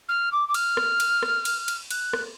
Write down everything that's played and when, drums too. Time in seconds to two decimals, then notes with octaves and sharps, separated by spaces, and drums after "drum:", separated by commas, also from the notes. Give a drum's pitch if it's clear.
0.08 F6
0.32 D6
0.48 D6
0.54 F6, drum: cymbal
0.77 drum: rim click
1.00 drum: cymbal
1.23 drum: rim click
1.45 drum: cymbal
1.68 drum: cymbal
1.91 F#6, drum: cymbal
2.13 drum: rim click